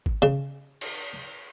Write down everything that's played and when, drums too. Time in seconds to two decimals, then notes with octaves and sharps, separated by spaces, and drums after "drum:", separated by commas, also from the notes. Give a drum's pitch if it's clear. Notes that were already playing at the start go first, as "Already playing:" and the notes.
0.06 drum: kick G#1
0.22 C#3
0.81 drum: cymbal